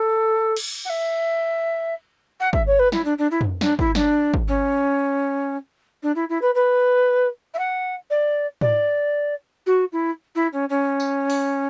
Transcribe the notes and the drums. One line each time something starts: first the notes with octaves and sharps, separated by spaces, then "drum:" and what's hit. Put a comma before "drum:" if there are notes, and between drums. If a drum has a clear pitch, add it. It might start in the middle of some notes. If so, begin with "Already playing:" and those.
Already playing: A4
drum: cymbal
F#5
E5
F#5
E5, drum: kick
C#5
B4
E4, drum: snare
D4
D4
E4
drum: tom
D4, drum: snare
E4, drum: kick
D4, drum: snare
drum: kick
C#4
D4
E4
E4
B4
B4
E5
F#5
D5
D5, drum: tom
F#4
E4
E4
C#4
C#4
drum: tambourine
drum: open hi-hat